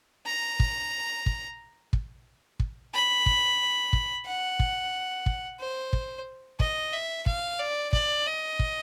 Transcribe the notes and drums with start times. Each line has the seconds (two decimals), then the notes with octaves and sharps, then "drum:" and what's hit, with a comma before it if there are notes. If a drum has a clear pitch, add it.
0.26 A#5
0.60 drum: kick
1.26 drum: kick
1.93 drum: kick
2.60 drum: kick
2.93 B5
3.26 drum: kick
3.93 drum: kick
4.26 F#5
4.60 drum: kick
5.26 drum: kick
5.60 C5
5.93 drum: kick
6.60 D#5, drum: kick
6.93 E5
7.26 F5, drum: kick
7.59 D5
7.93 D5, drum: kick
8.26 D#5
8.59 drum: kick